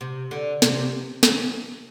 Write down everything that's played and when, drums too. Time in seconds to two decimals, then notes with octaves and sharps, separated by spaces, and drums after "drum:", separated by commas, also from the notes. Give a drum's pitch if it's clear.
0.01 C3
0.31 D3
0.62 C3, drum: snare
1.23 drum: snare